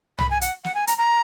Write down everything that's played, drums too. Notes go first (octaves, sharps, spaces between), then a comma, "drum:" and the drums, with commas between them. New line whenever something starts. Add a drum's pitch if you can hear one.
B5, drum: tom
G#5
F#5, drum: hi-hat
F#5, drum: snare
G#5
A#5, drum: hi-hat
A#5